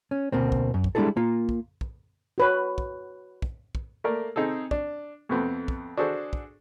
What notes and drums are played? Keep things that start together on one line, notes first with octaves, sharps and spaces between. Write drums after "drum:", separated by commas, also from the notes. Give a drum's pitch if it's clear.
C#4
D2 B2 A#3 C4
drum: kick
F#2
drum: kick
G3 G#3 D4 E4 G#4 A4
A#3 F4
drum: kick
drum: kick
F#4 B4 C#5
drum: kick
drum: kick
drum: kick
A3 A#3 A#4 D5
C4 D#4 G#4 A4
D4, drum: kick
F2 A3 B3 C4
drum: kick
D4 F#4 G#4 A4 C5
drum: kick